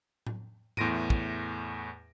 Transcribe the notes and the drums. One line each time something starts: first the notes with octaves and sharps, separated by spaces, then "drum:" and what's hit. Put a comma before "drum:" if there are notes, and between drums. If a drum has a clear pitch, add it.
drum: tom A2
E2 A2 C6 A#6 D7 D#7, drum: tom G#2
drum: kick